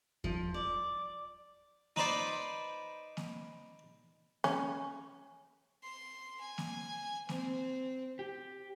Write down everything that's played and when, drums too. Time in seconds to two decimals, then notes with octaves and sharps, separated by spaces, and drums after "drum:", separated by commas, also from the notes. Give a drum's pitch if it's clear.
0.24 F3, drum: kick E2
0.54 D5
1.96 D#4 B4 C5 D5, drum: snare A#3
3.17 drum: snare A#3
4.44 C#4, drum: snare A#3
5.83 C6
6.40 G#5
6.58 drum: snare A#3
7.29 C4, drum: snare A#3
8.19 G4